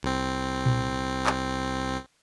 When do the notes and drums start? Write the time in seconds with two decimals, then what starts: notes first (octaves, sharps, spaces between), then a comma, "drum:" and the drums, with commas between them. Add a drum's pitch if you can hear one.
0.03 C2 C4
0.66 drum: tom A#2
1.26 drum: clap